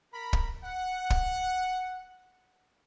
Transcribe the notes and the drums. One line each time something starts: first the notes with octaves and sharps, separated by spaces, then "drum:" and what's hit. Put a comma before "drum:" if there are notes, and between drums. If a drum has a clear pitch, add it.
A#4 B5
drum: kick
F#5
drum: kick